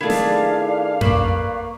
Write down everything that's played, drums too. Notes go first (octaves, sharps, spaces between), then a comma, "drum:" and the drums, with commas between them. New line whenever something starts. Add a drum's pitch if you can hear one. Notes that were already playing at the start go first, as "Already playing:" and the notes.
D#3 A3 D4 E4 G#4 F5 A5
drum: snare
A#3 B4 C5 D5 C#6, drum: tom F2